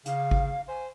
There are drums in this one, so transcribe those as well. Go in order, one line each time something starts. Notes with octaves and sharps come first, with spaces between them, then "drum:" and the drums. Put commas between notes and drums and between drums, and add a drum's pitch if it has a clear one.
C#3 F5, drum: hi-hat
drum: kick
C5 G#5